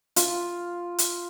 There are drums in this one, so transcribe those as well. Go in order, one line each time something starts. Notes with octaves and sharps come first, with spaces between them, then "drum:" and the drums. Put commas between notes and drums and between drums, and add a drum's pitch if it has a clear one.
F4, drum: hi-hat
drum: hi-hat